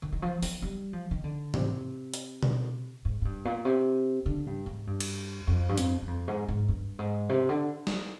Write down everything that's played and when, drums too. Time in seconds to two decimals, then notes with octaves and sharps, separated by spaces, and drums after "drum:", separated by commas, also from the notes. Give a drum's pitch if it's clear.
0.02 D#3
0.12 D#3
0.22 F3
0.42 F3, drum: open hi-hat
0.62 G3
0.93 F3
1.11 D#3
1.24 D3
1.54 C3, drum: tom G#2
2.14 drum: hi-hat
2.43 drum: tom B2
3.05 G#2
3.21 G#2
3.25 G2
3.45 A#2
3.65 C3
4.26 D3
4.47 G2
4.66 G#2
4.87 G2
5.00 drum: cymbal
5.47 F2
5.69 G2
5.77 F2, drum: hi-hat
6.02 G2
6.07 F2
6.28 G#2
6.48 G#2
6.68 G2
6.99 G#2
7.29 C3
7.49 D3
7.87 drum: snare